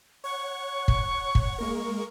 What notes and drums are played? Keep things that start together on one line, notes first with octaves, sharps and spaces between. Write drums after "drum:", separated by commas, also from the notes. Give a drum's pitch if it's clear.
C#5 F#5 C#6
drum: kick
drum: kick
G#3 A#3 A#4